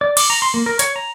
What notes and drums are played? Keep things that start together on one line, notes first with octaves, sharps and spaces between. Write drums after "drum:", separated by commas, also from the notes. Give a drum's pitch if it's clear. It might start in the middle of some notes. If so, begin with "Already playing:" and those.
D5
D6, drum: cymbal
A#5
C6
A#3
A#4
C#5, drum: hi-hat
A#5